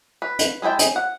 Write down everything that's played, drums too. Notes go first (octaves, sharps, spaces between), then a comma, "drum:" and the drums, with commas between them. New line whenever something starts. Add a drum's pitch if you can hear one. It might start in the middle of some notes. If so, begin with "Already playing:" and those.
B4
drum: hi-hat
G#3 E4 G#4 G5 A5
G#4, drum: hi-hat
F#5